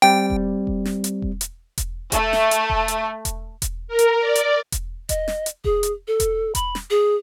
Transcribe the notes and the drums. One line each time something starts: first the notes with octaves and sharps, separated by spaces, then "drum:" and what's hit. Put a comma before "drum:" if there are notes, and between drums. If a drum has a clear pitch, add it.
G3 C4 G5
drum: kick E1
drum: kick E1
drum: snare
drum: hi-hat
drum: kick E1
drum: hi-hat
drum: kick E1, hi-hat
A3, drum: kick E1, hi-hat
drum: snare
drum: hi-hat
drum: kick E1
drum: hi-hat
drum: kick E1, hi-hat
drum: kick E1, hi-hat
A#4
drum: hi-hat
D5
drum: hi-hat
drum: kick E1, hi-hat
D#5, drum: kick E1, hi-hat
drum: snare
drum: hi-hat
G#4, drum: kick E1
drum: hi-hat
A4
drum: kick E1, hi-hat
B5, drum: kick E1, hi-hat
drum: snare
G#4